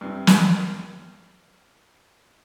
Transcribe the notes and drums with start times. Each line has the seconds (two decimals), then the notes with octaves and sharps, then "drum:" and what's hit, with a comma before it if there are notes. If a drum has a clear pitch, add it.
0.01 G2 C3
0.27 drum: snare